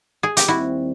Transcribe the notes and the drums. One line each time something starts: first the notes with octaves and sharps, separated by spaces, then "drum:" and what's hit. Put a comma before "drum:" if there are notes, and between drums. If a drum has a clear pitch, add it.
G#4
G4, drum: hi-hat
D#2 D#3 G3 C4 E4 F#4